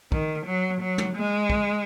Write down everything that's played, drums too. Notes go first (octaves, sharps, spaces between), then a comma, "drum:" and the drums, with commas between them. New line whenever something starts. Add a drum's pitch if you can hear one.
D#3, drum: kick
F#3
F#3
drum: tom
G#3
drum: kick